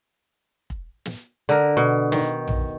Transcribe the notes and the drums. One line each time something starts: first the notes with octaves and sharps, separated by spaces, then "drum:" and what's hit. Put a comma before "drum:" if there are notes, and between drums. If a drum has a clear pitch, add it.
drum: kick
drum: snare
D3 A#4
B2
D#3, drum: snare
drum: tom A#1